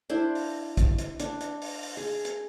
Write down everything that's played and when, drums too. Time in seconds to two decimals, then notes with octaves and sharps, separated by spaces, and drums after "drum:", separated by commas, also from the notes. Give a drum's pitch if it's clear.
0.09 D4 E4 C5
0.35 drum: open hi-hat
0.77 drum: kick, hi-hat
0.99 drum: hi-hat
1.20 D4, drum: hi-hat
1.41 drum: hi-hat
1.62 drum: open hi-hat
1.83 drum: open hi-hat
1.97 G#4
2.25 drum: hi-hat